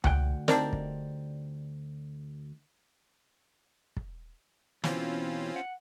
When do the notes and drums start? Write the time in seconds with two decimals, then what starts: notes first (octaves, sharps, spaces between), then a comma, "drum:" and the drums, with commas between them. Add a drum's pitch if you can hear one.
0.04 D2 F#5 G5, drum: tom C#2
0.48 G3 C4 D4 D#4 A#4 D5, drum: snare
0.73 drum: kick
3.97 drum: kick
4.84 B2 E3 C4 C#4 F4, drum: snare
5.56 F#5